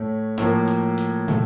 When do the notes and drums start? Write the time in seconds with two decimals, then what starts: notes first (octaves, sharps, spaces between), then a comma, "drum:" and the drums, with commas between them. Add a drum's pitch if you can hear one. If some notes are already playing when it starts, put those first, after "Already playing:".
Already playing: A2 A3 C#5
0.38 A2 F3 A#3, drum: hi-hat
0.68 drum: hi-hat
0.98 drum: hi-hat
1.28 A2 A3, drum: tom